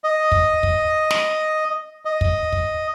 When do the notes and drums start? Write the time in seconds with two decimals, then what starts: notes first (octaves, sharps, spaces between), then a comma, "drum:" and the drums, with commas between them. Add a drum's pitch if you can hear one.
0.04 D#5
0.32 drum: kick
0.63 drum: kick
1.11 drum: snare
2.05 D#5
2.21 drum: kick
2.53 drum: kick